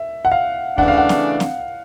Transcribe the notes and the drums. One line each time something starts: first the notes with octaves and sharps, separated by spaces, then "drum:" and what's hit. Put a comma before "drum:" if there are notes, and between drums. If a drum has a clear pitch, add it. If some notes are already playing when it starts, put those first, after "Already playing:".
Already playing: E5
F#5
F5
C#3 E3 A3 D4 F#5, drum: kick D2
F5
F#5
drum: snare C4
drum: snare C4